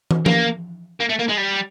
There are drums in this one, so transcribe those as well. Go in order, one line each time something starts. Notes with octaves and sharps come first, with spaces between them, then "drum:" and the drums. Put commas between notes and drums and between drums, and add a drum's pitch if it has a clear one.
drum: tom
A#3, drum: tom F3
A#3
A3
A#3
G#3
G3